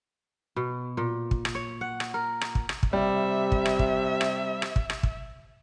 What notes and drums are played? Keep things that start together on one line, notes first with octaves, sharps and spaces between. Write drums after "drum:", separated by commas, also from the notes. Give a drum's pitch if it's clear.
B2
A#2
drum: kick
drum: rim click
C#5
F#5
drum: rim click
A#4
drum: rim click
drum: kick
drum: rim click
drum: kick
C3 G3 E5
drum: kick
drum: rim click
drum: kick
drum: rim click
drum: rim click
drum: kick
drum: rim click
drum: kick